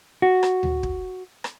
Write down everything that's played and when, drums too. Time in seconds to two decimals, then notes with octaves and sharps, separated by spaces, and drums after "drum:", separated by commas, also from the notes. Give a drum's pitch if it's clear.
0.22 F#4
0.43 drum: rim click
0.63 drum: tom D2
0.83 drum: kick
1.44 drum: rim click